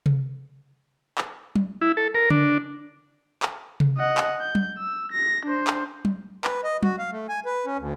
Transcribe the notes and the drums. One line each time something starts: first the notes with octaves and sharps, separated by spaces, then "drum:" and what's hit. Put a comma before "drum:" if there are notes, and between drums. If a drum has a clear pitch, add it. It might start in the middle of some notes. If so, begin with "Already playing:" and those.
drum: tom C3
drum: clap
drum: tom F#3
E4
A4
A#4
D4, drum: tom C#3
drum: clap
drum: tom C3
D#5 F#5
drum: clap
G6
drum: tom F#3
E6
A#6
D4 C5
drum: clap
drum: tom F#3
B4, drum: clap
D#5
F#4, drum: tom F#3
F5
A3
G#5
B4
C#4
D2